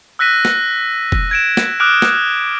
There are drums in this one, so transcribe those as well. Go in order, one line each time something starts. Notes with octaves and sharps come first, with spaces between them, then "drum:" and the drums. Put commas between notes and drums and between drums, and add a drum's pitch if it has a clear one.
E6 F#6 A#6 B6 D#7
drum: snare
drum: kick
G#6 D7 E7
drum: snare
D6 D#6 F6 F#6 D7
drum: snare